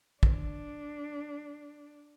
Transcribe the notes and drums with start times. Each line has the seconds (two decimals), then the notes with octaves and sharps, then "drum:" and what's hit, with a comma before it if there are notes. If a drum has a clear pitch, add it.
0.23 D4, drum: kick